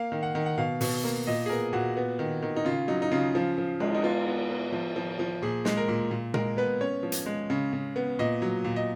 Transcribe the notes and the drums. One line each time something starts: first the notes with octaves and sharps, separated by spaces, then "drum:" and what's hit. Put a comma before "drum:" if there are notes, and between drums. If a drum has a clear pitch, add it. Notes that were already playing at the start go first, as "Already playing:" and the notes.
Already playing: A#3 F5
D#3
F#5
D#3
F#5
B2 F5
B2, drum: open hi-hat
A#3
A#2 D#5
G#4
B3 A#4
A#2 F#4
B3
D#3
D#3
D#4
C#3 F4
F#3 D#4
D#4
C#3 F4
F3
F3
G#3, drum: cymbal
D#4
B3 F4
B3
B3
F3
F3
F3
A#2 G#4
G#3, drum: snare
A#4
A#2
A#2
G#3 A#4, drum: tom A#2
B3 B4
C#4 C#5
F3
drum: hi-hat
G#3
C#3
C#3
B3
A#2 D#5
F#3
A#2
D#5